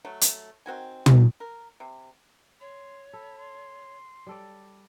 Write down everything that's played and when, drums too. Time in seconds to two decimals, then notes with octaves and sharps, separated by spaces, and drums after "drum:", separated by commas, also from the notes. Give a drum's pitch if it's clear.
0.05 F#3 A3
0.21 drum: hi-hat
0.66 D#3 C4 F#4 G#5
1.06 drum: tom
1.40 A#4
1.80 C3
2.61 C#5 C6
3.13 A4 B5
3.38 C6
4.27 G3 A4 D5